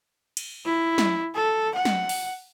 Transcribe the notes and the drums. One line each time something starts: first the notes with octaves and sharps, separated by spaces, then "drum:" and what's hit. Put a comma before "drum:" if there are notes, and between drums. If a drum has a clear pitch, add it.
drum: cymbal
E4
drum: snare
A4
F#5
drum: snare
drum: open hi-hat